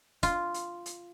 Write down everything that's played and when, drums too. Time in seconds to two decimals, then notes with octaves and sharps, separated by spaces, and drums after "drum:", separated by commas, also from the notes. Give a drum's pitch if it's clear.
0.23 F4, drum: kick F1, hi-hat
0.54 drum: hi-hat
0.86 drum: hi-hat